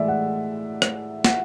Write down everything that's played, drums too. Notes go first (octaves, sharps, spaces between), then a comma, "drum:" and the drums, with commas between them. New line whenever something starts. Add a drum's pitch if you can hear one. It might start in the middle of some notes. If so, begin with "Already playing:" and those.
Already playing: A2 E3 G#3 D5 E5
F#5
drum: rim click
F#5, drum: snare